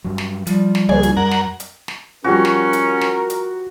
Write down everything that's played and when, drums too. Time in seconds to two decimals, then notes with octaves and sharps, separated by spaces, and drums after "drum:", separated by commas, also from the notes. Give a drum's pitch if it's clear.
0.04 G2 F#3
0.18 drum: snare
0.47 F3 G3, drum: hi-hat
0.75 drum: snare
0.89 C#2 F3 A#3 G#4, drum: tom
1.03 drum: hi-hat
1.17 F#2 A#4 F#5
1.31 drum: snare
1.60 drum: hi-hat
1.88 drum: snare
2.24 F3 G3 C#4 F#4 A#4
2.45 drum: snare
2.73 drum: hi-hat
3.01 drum: snare
3.30 drum: hi-hat